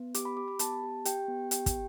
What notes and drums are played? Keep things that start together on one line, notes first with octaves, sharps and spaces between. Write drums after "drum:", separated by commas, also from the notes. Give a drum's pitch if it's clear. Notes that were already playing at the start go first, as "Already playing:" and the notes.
Already playing: B3
G4 D6, drum: hi-hat
B5
G4 D6
B5
B3 A5, drum: hi-hat
G4
G4 G5, drum: hi-hat
B3
G4 G5, drum: hi-hat
drum: kick, hi-hat